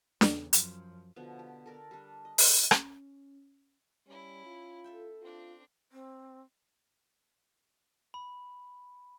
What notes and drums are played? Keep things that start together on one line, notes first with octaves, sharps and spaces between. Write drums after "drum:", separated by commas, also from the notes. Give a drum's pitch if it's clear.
E2 C#3, drum: snare D4
F#2 F3, drum: hi-hat
B2 D3 F3 B3
G4
A4 A#4 D5
G3 D4
D#5
drum: open hi-hat
C#4, drum: rim click
G3 C#4 E4
F4
A4 E5 G5
C4 D4 F4
C4
B5